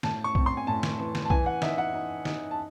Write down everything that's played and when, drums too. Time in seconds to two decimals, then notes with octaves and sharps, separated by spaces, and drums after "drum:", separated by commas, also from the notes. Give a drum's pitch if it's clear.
0.03 A2 A5, drum: snare
0.24 C#6
0.35 C4, drum: kick B1
0.46 C6
0.57 G#5
0.67 A2 A5
0.83 drum: snare
1.00 E3
1.15 drum: snare
1.25 A5
1.30 E3 G#5, drum: kick B1
1.46 F#5
1.62 D#4 E5, drum: snare
1.78 F#5
1.94 D#4
2.25 D#4, drum: snare
2.51 A5